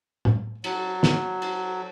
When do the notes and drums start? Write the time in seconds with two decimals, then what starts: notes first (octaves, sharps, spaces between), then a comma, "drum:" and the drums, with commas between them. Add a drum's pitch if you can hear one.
0.25 drum: tom
0.64 F#3, drum: cymbal
1.03 drum: snare
1.42 drum: cymbal